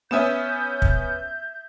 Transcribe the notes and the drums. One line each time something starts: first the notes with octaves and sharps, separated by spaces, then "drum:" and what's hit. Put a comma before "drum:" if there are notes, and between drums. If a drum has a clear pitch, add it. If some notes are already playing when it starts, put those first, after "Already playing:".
B3 C#4 E5 D#6 G6 E7
drum: kick